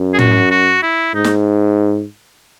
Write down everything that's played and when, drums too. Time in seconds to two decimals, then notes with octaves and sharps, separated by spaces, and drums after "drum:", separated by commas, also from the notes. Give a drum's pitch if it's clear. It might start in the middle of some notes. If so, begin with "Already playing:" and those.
Already playing: F#2
0.13 G#4
0.19 F#4, drum: tom
0.51 F#4
0.83 E4
1.14 G#2 D#4
1.24 drum: snare